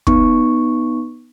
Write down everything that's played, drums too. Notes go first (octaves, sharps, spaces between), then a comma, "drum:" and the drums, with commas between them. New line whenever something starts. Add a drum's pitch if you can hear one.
B3 D#4 C#6, drum: kick